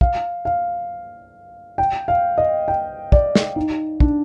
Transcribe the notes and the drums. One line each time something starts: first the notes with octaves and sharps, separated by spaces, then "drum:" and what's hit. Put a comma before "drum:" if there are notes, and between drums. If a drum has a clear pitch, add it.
F5, drum: kick
F5
G5
F5
D#5
G5
D5, drum: kick
drum: snare
D#4
D4, drum: kick